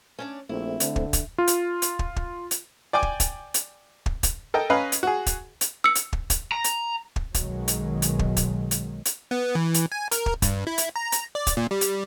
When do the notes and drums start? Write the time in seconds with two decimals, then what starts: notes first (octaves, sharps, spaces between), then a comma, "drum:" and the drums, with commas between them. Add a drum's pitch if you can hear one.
0.19 C#4 D4 D5
0.49 A#1 A3 C4 E4
0.80 D3, drum: hi-hat
0.96 drum: kick
1.13 drum: kick, hi-hat
1.38 F4
1.47 drum: hi-hat
1.82 drum: hi-hat
1.99 drum: kick
2.16 drum: kick
2.51 drum: hi-hat
2.93 D5 G5 G#5 D6
3.03 drum: kick
3.20 drum: kick, hi-hat
3.54 drum: hi-hat
4.06 drum: kick
4.23 drum: kick, hi-hat
4.54 A4 A#4 D#5 G5
4.70 C#4 B4 D#5 F5 A#5 B5
4.92 drum: hi-hat
5.03 F#4 G#4
5.26 drum: kick, hi-hat
5.61 drum: hi-hat
5.84 E6 C#7
5.95 drum: hi-hat
6.13 drum: kick
6.30 drum: kick, hi-hat
6.52 A#5
6.64 drum: hi-hat
7.16 drum: kick
7.34 B1 B2 D#3 F#3 G#3, drum: kick, hi-hat
7.68 drum: hi-hat
8.02 drum: hi-hat
8.19 drum: kick
8.37 drum: kick, hi-hat
8.71 drum: hi-hat
9.05 drum: hi-hat
9.31 B3
9.55 E3
9.74 drum: hi-hat
9.92 G#5
10.11 A#4, drum: hi-hat
10.26 drum: kick
10.42 G2, drum: kick, hi-hat
10.67 E4
10.78 drum: hi-hat
10.96 A#5
11.12 drum: hi-hat
11.35 D5
11.47 drum: kick, hi-hat
11.57 A#2
11.71 G3
11.81 drum: hi-hat